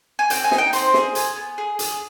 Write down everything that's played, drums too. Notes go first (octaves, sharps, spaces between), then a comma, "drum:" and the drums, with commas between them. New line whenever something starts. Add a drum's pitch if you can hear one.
G#5
C4 G5, drum: hi-hat
G#5
D#4, drum: snare
G5
C4 C5, drum: hi-hat
G#4, drum: snare
G#4 G#5, drum: hi-hat
B3
G#4
G#4, drum: hi-hat